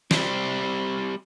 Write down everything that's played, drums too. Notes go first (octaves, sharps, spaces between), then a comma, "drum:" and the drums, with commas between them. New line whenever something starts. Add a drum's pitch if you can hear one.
G3 C4, drum: snare